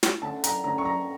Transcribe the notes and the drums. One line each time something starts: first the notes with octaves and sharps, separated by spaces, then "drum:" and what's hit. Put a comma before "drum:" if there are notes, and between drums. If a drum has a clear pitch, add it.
drum: snare
D3 A3 C#4 A5
A#5, drum: hi-hat
D3 A3 C#4 A#5
C#6
A#5